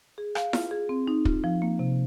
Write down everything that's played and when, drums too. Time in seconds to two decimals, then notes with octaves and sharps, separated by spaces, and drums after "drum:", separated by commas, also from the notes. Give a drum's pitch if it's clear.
0.18 G#4
0.35 F5, drum: rim click
0.53 F4, drum: snare E4
0.71 G#4
0.89 C4
1.08 D#4
1.25 F4, drum: kick
1.44 F3
1.62 A#3
1.79 C3